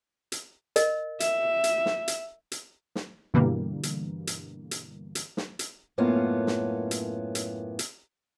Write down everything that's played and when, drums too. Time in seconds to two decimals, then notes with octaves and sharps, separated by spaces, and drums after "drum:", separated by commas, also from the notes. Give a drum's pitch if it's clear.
0.32 drum: hi-hat
0.76 A#4 D#5, drum: hi-hat
1.20 E5, drum: hi-hat
1.64 drum: hi-hat
1.86 drum: snare
2.08 drum: hi-hat
2.52 drum: hi-hat
2.95 drum: snare
3.34 G2 B2 D3 E3 G3 A#3
3.83 drum: hi-hat
4.27 drum: hi-hat
4.71 drum: hi-hat
5.15 drum: hi-hat
5.37 drum: snare
5.59 drum: hi-hat
5.98 F#2 A2 A#3 B3 C#4 F4
6.47 drum: snare
6.91 drum: hi-hat
7.35 drum: hi-hat
7.79 drum: hi-hat